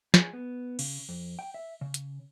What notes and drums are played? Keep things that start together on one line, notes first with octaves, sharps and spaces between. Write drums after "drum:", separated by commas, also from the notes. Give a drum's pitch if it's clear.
G#4, drum: snare
B3
C#3, drum: cymbal
F2
G5
E5
C#3
drum: hi-hat